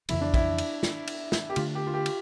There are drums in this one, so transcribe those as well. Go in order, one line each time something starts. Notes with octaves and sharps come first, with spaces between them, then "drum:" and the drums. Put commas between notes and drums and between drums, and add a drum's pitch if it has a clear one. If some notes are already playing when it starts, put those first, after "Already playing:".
F2 C#3 E3 G3 E4, drum: cymbal
D4
E4, drum: kick, cymbal
drum: cymbal
drum: snare
drum: cymbal
drum: snare
G4
D3 A3 D4 F4, drum: cymbal
G4
F4
G4
drum: cymbal